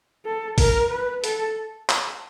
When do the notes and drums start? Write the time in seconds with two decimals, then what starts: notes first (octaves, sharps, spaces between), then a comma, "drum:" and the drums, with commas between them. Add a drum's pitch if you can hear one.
0.25 A4
0.58 A#4, drum: kick G#1, open hi-hat
0.91 B4
1.24 A4, drum: hi-hat
1.89 drum: clap